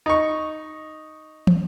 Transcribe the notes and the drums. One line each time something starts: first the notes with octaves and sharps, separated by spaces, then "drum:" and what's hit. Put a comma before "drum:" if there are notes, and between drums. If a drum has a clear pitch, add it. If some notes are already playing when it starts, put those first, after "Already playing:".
D#4 C#6
drum: tom